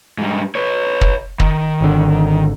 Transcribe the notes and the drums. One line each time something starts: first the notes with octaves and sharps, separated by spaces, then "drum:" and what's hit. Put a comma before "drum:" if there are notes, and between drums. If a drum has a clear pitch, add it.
G#2 G3
B4 C#5
drum: kick
D#3, drum: kick
G#1 D3